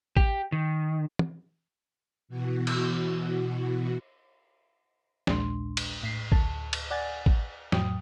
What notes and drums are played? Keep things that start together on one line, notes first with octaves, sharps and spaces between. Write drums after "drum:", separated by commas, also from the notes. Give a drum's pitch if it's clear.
G4, drum: kick
D#3
drum: tom
B2 E3 F#4
drum: cymbal
A#1 D#2 A#2 G#3 D4 C6, drum: snare
drum: cymbal
A2 B6 C7
D2 A5, drum: kick
drum: cymbal
D5 F#5 G#5 A6
drum: kick
F2 A2 F#3 G5 D#6, drum: snare